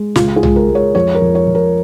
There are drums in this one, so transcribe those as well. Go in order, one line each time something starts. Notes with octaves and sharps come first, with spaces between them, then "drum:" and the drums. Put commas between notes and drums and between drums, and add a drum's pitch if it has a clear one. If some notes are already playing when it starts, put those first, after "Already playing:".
Already playing: G#3
C#2 F4, drum: snare
G#4
G#3, drum: tom B1
A#4
G#3
C#5
F2 C#5
A#4
F2
C#5
F2
A#4